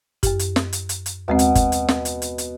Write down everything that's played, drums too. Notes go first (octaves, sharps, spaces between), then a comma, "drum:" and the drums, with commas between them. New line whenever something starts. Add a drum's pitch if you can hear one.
F#2 G4, drum: kick G1, hi-hat
drum: hi-hat
drum: snare
drum: hi-hat
drum: hi-hat
drum: hi-hat
D#2 B2 G#3 C4
drum: hi-hat
drum: kick G1, hi-hat
drum: hi-hat
drum: snare
drum: hi-hat
drum: hi-hat
drum: hi-hat